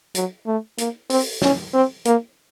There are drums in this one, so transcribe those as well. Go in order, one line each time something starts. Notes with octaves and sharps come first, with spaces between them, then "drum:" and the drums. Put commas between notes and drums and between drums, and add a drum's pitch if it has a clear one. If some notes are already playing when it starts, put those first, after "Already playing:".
F#3, drum: hi-hat
A3
A#3, drum: hi-hat
C4, drum: open hi-hat
C#4, drum: snare
C4
A#3, drum: hi-hat